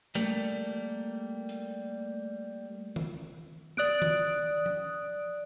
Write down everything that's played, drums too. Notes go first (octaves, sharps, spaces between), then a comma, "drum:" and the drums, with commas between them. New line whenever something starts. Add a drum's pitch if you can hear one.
G3 A3 A#3, drum: tom F3
drum: hi-hat
drum: tom D#3
D5 D#6 F#6 D7, drum: snare
drum: tom D#3
drum: tom F3